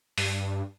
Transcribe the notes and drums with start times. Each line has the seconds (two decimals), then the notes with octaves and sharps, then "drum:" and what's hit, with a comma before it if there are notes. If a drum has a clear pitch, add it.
0.18 G2, drum: open hi-hat